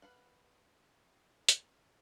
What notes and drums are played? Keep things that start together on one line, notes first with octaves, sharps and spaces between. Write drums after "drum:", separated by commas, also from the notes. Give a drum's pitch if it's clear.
B4 F5 F#5
drum: hi-hat